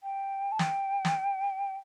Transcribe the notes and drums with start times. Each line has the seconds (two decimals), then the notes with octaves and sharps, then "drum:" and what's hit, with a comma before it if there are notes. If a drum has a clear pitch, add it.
0.03 G5
0.52 A5
0.59 G5, drum: snare
1.05 drum: snare